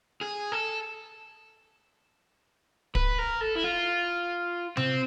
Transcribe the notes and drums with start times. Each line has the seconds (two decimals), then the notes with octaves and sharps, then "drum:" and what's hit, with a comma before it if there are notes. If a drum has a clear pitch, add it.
0.21 G#4
0.52 A4
2.95 B4, drum: kick
3.18 A#4
3.41 A4
3.55 E4
3.64 F4
4.77 C4, drum: tom C3